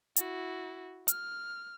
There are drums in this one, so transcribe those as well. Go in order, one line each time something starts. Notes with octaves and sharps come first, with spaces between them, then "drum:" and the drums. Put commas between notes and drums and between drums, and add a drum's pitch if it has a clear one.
E4 F#4, drum: hi-hat
F6, drum: hi-hat